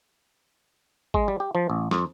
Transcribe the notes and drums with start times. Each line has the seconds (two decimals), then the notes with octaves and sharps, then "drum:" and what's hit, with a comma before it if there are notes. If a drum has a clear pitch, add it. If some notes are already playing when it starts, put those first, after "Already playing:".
1.14 G#3, drum: kick G#1
1.28 G3
1.40 G4
1.55 F3
1.70 A1
1.91 F2, drum: snare